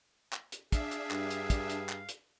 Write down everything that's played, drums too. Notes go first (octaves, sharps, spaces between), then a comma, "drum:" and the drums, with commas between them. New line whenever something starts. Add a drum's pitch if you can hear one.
drum: clap
drum: hi-hat
D4 G#4 E5 F5, drum: kick, hi-hat
drum: hi-hat
G2, drum: clap
drum: hi-hat
drum: kick, hi-hat
drum: hi-hat
drum: clap
drum: hi-hat